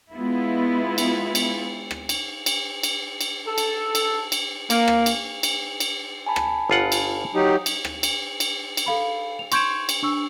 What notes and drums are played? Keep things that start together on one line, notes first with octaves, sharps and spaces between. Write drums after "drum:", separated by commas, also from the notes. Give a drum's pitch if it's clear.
G#3 B3 E4 F4
drum: cymbal
drum: cymbal
drum: rim click
drum: cymbal
drum: cymbal
drum: cymbal
drum: cymbal
A4
drum: cymbal
drum: cymbal
drum: cymbal
A#3, drum: cymbal
drum: rim click
drum: cymbal
drum: cymbal
drum: cymbal
G#5 A5 B5
drum: rim click
G1 F4 F#5
drum: cymbal
F#3 D#4 G4
drum: cymbal
drum: rim click
drum: cymbal
drum: cymbal
drum: cymbal
A4 F5 B5
F7
C6 C#6 G6 G#6 D7 E7, drum: cymbal
drum: cymbal
D4 C#6 E6